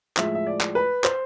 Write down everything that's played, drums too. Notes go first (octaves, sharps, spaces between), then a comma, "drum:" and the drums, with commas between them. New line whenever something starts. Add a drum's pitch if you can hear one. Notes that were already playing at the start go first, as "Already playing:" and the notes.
A2 F3 G#3 E5, drum: clap
E5
D5
drum: clap
B4
C5, drum: clap